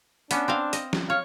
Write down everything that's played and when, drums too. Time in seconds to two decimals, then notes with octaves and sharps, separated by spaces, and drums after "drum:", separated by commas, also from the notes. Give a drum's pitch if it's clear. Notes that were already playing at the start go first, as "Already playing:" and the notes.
0.31 B3 C#4 D4, drum: hi-hat
0.48 C4 C5 F5
0.73 D#5, drum: hi-hat
0.93 drum: snare
1.10 C#5 F5